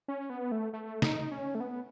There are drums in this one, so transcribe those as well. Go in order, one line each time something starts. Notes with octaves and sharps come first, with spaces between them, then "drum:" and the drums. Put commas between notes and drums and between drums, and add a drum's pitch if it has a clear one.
C#4
B3
A3
A3
D#4, drum: snare
C#4
A3
B3